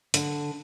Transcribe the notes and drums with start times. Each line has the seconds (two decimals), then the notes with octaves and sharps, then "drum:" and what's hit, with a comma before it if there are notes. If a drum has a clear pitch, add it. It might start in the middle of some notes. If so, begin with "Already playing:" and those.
0.14 D3, drum: hi-hat